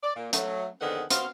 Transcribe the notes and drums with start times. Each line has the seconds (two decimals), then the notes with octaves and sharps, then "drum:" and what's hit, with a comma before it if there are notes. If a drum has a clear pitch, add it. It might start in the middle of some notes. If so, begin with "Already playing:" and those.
0.03 D5
0.16 A#2
0.33 F#3 A3, drum: hi-hat
0.81 F2 D3 D#3 B3 G#4 F#5
1.10 B3 C4 F#4 C5 F5, drum: hi-hat